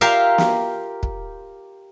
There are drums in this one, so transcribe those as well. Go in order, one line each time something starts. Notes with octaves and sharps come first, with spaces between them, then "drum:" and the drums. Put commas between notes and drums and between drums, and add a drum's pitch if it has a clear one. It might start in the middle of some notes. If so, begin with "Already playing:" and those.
F4 G4 A#4 E5 F5
drum: snare
drum: kick